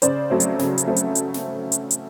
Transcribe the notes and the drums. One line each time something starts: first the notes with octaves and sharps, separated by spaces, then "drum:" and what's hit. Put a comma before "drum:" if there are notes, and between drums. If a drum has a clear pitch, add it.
C#3 C5 D5, drum: hi-hat
F#3 A3 C4
drum: hi-hat
C#3, drum: snare
drum: hi-hat
F#3 A3 C4
drum: hi-hat
drum: hi-hat
drum: snare
drum: hi-hat
drum: hi-hat